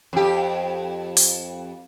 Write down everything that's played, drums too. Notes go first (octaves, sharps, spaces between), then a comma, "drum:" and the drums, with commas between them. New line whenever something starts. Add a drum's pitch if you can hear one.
F2 G4
drum: open hi-hat